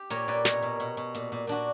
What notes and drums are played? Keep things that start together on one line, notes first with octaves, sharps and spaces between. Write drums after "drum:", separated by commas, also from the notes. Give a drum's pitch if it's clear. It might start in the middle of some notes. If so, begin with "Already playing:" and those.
Already playing: G4
A#2 A#4 C#5, drum: hi-hat
A#2 B4 D5
B2 A#4 C#5, drum: snare
B2
B2
B2
A#2, drum: hi-hat
A#2
A#2 D4 F#4